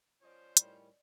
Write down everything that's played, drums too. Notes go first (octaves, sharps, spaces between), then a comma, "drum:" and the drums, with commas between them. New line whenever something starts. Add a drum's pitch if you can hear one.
F3 C#4 C5 D5 D#5 D6
A2 D#3 G3, drum: hi-hat